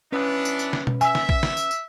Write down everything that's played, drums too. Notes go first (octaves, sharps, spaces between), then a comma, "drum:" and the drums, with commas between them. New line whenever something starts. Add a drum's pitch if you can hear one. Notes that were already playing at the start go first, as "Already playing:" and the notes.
E3 B3 C#4 D4 B4
drum: tambourine
drum: tambourine
drum: snare
drum: tom B2
E5 G#5, drum: tambourine
drum: snare
drum: kick A#1
drum: snare
drum: tambourine
drum: tambourine